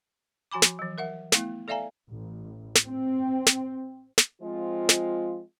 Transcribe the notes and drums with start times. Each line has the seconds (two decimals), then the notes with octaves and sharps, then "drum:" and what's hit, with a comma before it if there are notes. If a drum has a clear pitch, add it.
0.51 F3 F#4 G#5 B5 D6
0.62 drum: snare
0.79 E3 F#3
0.98 A#4 E5 F#5
1.32 A3 B3 E4, drum: snare
1.68 A4 D5 E5 F5 G#5 A#5
2.11 A1
2.75 drum: snare
2.86 C4
3.47 drum: snare
4.18 drum: snare
4.42 F3 G#3 C4 F4
4.89 drum: snare